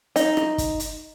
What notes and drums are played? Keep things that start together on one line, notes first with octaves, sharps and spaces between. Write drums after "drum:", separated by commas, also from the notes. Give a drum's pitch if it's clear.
D#4, drum: hi-hat
drum: rim click
drum: kick, hi-hat
drum: hi-hat